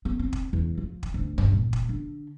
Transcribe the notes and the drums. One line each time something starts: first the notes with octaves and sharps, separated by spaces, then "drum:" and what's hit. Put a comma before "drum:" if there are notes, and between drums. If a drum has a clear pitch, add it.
B3
C4
drum: kick
E2
F3
drum: kick
D2
G2, drum: tom
A#2
drum: kick
D3